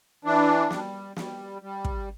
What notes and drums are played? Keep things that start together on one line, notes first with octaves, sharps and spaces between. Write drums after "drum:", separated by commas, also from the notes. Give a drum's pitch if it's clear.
E3 D4
G3, drum: snare
G3, drum: snare
G3
drum: kick